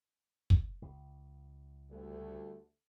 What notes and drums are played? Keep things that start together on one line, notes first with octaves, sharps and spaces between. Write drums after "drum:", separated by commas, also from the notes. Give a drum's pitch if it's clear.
drum: kick
C#2
D2 G3 A3